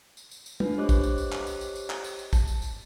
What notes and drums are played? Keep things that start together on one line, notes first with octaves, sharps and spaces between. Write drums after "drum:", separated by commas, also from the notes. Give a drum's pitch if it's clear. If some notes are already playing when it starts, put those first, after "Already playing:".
drum: tambourine
drum: tambourine
drum: tambourine
D4 F4 B4, drum: tom
G4 C5 C#5 D#5 D6 F#6
drum: kick, tambourine
drum: tambourine
drum: tambourine
drum: clap
drum: tambourine
drum: tambourine
drum: tambourine
drum: clap
drum: tambourine
drum: tambourine
A5, drum: kick, tambourine
drum: tambourine
drum: tambourine